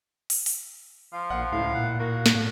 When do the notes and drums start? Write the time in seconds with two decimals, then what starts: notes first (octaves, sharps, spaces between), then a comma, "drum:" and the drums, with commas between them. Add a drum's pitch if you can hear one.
0.30 drum: open hi-hat
0.46 drum: open hi-hat
1.13 F3 F5
1.30 A#1 F#5
1.52 C#2 A2 F5
1.74 A#2 F#5
1.99 A#3 F#4
2.26 drum: snare
2.35 A2 F5